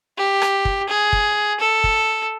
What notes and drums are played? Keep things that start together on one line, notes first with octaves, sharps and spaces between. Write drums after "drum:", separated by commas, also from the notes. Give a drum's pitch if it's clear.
G4
drum: rim click
drum: kick
G#4
drum: kick
A4
drum: kick